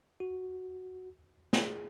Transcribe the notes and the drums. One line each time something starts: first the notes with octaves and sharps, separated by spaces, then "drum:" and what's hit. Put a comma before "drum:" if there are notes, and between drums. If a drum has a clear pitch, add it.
F#4
G#4, drum: snare